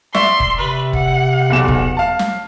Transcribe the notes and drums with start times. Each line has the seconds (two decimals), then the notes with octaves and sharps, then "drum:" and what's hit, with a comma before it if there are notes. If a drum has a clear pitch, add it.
0.14 D5 E5 C6 C#6, drum: snare
0.40 drum: kick F#1
0.60 C3 B4
0.93 F#5, drum: kick F#1
1.50 B1 E2 E7
1.68 drum: kick F#1
1.97 F5 A5
2.19 drum: snare